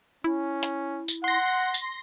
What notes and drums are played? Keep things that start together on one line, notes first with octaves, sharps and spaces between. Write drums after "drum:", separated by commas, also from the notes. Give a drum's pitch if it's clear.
C#4 E4
drum: hi-hat
drum: tambourine
F#5 C6 A#6
drum: tambourine